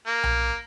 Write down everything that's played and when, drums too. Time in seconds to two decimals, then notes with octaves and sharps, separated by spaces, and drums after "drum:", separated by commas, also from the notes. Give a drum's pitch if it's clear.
0.07 A#3
0.23 drum: tom B1